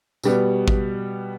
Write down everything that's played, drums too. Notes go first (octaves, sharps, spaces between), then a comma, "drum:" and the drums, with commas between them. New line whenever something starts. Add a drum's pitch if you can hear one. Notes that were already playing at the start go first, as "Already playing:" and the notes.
B2 G3 B3, drum: tambourine
drum: kick G#1